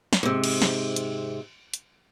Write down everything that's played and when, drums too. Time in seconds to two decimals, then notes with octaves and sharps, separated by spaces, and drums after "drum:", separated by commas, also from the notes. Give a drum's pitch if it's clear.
0.13 drum: snare
0.23 G#2 C3
0.44 drum: cymbal
0.62 drum: snare
0.96 drum: hi-hat
1.74 drum: hi-hat